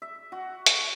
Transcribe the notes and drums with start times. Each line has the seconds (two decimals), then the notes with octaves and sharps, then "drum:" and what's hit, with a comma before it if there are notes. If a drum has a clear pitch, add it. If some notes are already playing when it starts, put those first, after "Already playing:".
0.02 E5
0.32 F#4
0.66 drum: hi-hat